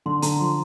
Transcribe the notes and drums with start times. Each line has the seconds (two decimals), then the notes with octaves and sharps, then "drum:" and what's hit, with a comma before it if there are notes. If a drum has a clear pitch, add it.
0.06 D3 C6
0.22 D3 A#5, drum: hi-hat
0.40 F3 C6